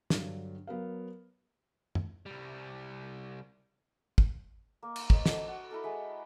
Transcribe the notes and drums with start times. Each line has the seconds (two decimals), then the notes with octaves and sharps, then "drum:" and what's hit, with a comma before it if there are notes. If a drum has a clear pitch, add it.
0.10 G2 D3 F#3, drum: snare
0.67 F#3 B3 A#4 F5
1.95 drum: tom F#2
2.26 C2 G3
4.18 drum: kick
4.82 A#3
4.96 drum: cymbal
5.10 C5 C#5 D#5 B5, drum: kick
5.26 D4 F#4 A4 A#4, drum: snare
5.48 F#4
5.71 E4 A4 A#4
5.83 G#3 G#4 E5